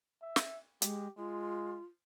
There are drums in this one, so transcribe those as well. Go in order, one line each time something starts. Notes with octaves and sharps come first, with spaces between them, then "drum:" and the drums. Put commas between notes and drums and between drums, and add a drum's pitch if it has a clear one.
E5
drum: snare
G#3 G4, drum: hi-hat
G#3 F4